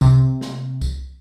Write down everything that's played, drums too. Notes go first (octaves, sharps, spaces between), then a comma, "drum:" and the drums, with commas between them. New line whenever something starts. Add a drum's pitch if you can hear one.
C3, drum: kick C2, tambourine
drum: snare
drum: kick C2, tambourine